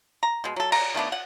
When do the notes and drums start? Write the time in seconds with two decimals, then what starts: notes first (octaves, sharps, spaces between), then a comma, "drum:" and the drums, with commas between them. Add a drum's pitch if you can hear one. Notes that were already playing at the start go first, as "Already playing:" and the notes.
0.23 A#5
0.44 B2 G#3
0.56 F#3 A4
0.72 A#5, drum: cymbal
0.95 D#3 A3 B3 D4
1.12 F#5